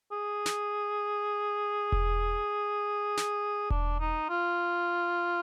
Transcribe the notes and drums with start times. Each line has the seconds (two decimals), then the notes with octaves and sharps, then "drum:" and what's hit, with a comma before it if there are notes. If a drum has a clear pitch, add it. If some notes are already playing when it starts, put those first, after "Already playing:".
0.12 G#4
0.46 drum: snare
1.92 drum: kick E1
3.17 drum: snare
3.70 D4, drum: kick E1
4.00 D#4
4.29 F4